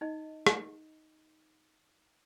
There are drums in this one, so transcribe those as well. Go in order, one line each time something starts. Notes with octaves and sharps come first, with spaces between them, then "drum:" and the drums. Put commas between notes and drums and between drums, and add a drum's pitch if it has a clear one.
D#4 D#5
drum: rim click